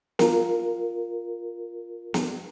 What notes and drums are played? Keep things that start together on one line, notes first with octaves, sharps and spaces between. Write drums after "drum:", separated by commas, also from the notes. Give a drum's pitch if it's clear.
F4 A#4, drum: snare
drum: snare